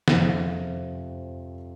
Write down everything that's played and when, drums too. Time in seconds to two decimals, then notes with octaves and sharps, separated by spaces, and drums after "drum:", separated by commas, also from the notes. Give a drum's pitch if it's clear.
0.08 F2 C3 F3, drum: snare